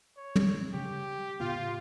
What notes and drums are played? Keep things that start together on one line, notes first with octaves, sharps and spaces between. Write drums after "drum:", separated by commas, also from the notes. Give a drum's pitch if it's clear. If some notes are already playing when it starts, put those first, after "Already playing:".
C#5
drum: tom
C#3 G4
A2 C#3 B3 F4